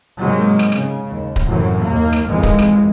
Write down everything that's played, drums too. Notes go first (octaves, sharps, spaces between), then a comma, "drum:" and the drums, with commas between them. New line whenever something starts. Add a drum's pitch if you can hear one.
G#2 C3 F#3 G#3 A#3
drum: rim click
C#3, drum: rim click
D#2
drum: kick D1
F#2 A2 C3 E3 F#3
D#2 A#3
drum: rim click
G#1 F2 D#3 E3 G#3
drum: kick D1
drum: rim click